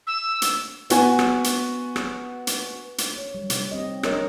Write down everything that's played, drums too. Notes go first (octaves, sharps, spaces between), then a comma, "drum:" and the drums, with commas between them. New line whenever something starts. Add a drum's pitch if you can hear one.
E6
drum: hi-hat
B3 F#4 G#5, drum: hi-hat
drum: rim click
drum: hi-hat
drum: rim click
drum: hi-hat
drum: hi-hat
C#5
G3
C3 G3, drum: hi-hat
C4 G4 D#5
D4 A#4 C#5 D#5, drum: rim click